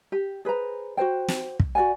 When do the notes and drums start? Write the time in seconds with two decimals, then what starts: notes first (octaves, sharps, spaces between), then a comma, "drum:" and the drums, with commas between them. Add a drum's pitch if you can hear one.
0.12 G4
0.45 G#4 B4 C5 A#5
0.97 F#4 B4 C5 G5
1.28 drum: snare
1.60 drum: kick
1.75 F#4 D5 F#5 G#5